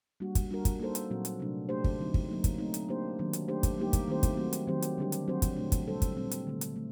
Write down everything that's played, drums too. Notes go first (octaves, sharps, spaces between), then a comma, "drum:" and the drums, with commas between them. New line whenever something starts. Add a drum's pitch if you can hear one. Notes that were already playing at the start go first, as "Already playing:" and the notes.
G3 A#3 D4 F#4
drum: kick, hi-hat
G3 D4 F#4 A#4
drum: kick, hi-hat
A#3 D#4 A4 C5
drum: hi-hat
A#2 F#3 C4 F#4
drum: hi-hat
C3 F#3 A3 D4
A3 D4 G4 C5
drum: kick
D3 F#3 C4 D#4
drum: kick
F#3 A#3 D#4
drum: kick, hi-hat
A3 C4 D#4
drum: hi-hat
A#3 D4 G4 C5
D#3 F#3 A#3 D4
drum: hi-hat
A3 D4 G4 C5
drum: kick, hi-hat
G3 A#3 D#4 G4
drum: kick, hi-hat
D#3 A3 C4 G4 C5
drum: kick, hi-hat
F#3 A3 C4 F#4
drum: hi-hat
D#3 F#3 C4 G4 C5
drum: hi-hat
D3 G3 D4 G4
drum: hi-hat
F#3 C4 F#4 C5
drum: kick, hi-hat
A#2 A3 D4
drum: kick, hi-hat
C3 G3 D4 A4 C5
drum: kick, hi-hat
A#2 G3 C4
drum: hi-hat
D3 A3 C4
drum: hi-hat
A3